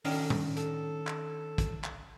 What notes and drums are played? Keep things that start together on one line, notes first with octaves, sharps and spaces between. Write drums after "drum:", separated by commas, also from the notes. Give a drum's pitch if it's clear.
D#3 C#4 D4 A4, drum: open hi-hat
drum: tom A2
A4, drum: hi-hat
drum: clap
drum: kick, hi-hat
drum: clap